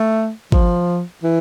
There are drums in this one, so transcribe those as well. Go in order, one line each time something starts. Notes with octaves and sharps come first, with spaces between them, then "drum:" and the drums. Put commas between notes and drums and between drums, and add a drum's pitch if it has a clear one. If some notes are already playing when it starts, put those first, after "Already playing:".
Already playing: A3
F3, drum: kick
E3